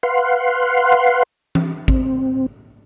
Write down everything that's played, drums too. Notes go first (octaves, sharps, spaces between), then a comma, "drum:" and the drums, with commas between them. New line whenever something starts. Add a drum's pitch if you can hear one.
B4 F5 F#5 C6
drum: tom E3
C4, drum: kick G#1